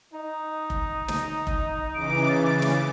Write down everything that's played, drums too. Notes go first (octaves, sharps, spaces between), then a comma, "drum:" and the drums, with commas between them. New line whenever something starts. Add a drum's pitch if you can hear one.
D#4
drum: kick F1
drum: snare
drum: kick F1
C#3 E3 D6 D7
A6
drum: snare